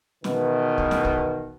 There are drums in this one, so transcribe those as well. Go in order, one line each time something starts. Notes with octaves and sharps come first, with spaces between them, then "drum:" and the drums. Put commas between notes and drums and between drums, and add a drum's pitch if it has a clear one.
E2 B2 D#3 E3, drum: snare
drum: kick
drum: snare
drum: kick